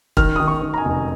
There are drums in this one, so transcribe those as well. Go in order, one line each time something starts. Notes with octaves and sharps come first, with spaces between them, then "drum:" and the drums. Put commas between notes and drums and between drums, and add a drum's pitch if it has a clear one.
D#3 F6, drum: kick
D#3 D#6
C#6
D#3
A#5
G#5
F1